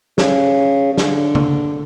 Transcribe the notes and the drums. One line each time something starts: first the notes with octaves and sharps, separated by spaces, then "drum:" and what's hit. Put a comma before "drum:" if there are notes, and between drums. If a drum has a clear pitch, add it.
C#3, drum: snare
C#3
D3, drum: snare
drum: tom C#3